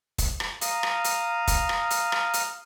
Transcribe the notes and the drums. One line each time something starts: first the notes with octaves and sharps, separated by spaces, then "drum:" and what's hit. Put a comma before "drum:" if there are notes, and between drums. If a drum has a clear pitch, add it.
drum: kick, hi-hat
drum: rim click
F5 A#5 D#6 F6, drum: hi-hat
drum: rim click
drum: hi-hat
drum: kick, hi-hat
drum: rim click
drum: hi-hat
drum: rim click
drum: hi-hat